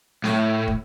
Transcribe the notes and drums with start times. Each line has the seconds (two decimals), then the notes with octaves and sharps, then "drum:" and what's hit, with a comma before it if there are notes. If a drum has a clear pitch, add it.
0.24 A2, drum: snare
0.68 drum: kick